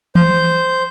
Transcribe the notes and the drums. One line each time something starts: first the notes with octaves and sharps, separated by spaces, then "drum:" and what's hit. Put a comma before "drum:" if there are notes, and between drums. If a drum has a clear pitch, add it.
C5 G6, drum: tom E3